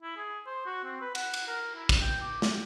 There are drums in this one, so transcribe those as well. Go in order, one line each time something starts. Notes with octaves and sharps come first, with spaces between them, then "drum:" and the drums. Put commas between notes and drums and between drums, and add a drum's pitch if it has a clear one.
E4
G#4
C5
F#4
C4
B4
F#5, drum: cymbal
drum: cymbal
A#4
E4
drum: kick, cymbal
G5
D6
G4, drum: snare